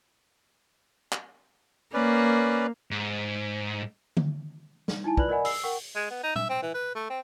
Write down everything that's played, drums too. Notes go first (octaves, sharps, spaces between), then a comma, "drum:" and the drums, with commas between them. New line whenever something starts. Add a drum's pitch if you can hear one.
drum: clap
A#3 C#4 B4 D5
G#2
drum: tom D3
drum: snare
D#4 E4 G#5 A5
F4 B4 D5 B5 F#6 F#7, drum: kick
A#4 D5 D#5 F#5 G#5 B5
E6 C7, drum: open hi-hat
A#4 F#5 G5 C#6
G#3
B3
D#4
E5, drum: tom A#2
C4
E3
B4
A3
C4